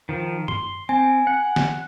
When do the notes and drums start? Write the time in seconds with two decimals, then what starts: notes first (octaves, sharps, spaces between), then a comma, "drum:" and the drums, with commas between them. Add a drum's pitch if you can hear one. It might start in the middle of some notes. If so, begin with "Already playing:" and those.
0.09 D#3 F3
0.48 C6, drum: tom G2
0.89 C4 G#5
1.27 F#5
1.56 drum: snare